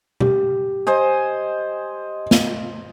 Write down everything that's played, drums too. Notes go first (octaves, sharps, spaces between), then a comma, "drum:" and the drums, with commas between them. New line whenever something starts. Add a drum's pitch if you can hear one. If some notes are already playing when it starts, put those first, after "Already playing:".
G4, drum: tom B2
C5 D#5 G#5
drum: snare